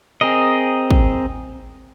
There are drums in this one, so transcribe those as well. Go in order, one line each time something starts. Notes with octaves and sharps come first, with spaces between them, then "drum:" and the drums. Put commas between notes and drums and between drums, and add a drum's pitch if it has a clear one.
C4 G#4 A#4 D#5
drum: kick